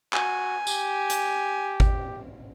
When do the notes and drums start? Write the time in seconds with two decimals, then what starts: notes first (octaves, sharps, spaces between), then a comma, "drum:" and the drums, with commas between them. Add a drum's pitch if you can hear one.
0.13 F#4 G#5, drum: clap
0.67 G4, drum: tambourine
1.10 drum: hi-hat
1.80 drum: kick G#1